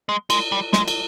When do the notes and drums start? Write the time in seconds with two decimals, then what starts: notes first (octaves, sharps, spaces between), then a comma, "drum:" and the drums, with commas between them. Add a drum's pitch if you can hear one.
0.09 G#3
0.30 G#3, drum: cymbal
0.52 G3
0.73 G#3, drum: snare
0.88 drum: cymbal